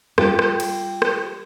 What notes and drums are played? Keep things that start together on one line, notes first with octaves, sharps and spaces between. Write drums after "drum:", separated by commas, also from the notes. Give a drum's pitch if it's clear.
G3 F4 G4, drum: rim click
drum: rim click
drum: cymbal
drum: rim click